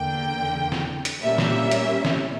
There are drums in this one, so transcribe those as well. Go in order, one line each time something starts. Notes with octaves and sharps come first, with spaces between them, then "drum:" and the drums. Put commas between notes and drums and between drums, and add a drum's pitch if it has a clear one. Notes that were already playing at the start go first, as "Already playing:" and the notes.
Already playing: E2 D3 A#3 G5
drum: snare
drum: hi-hat
A#2 G3 A#3 C#4 E5
drum: snare
drum: hi-hat
drum: snare